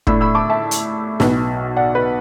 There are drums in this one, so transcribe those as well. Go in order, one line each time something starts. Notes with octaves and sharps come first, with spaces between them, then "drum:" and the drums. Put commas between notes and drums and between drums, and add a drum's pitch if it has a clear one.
A2 A3 D4 B5 E6, drum: kick
B5 E6
A5 D6
E5 A5
drum: hi-hat
B1 B2 B3, drum: snare
D5 F#5
B4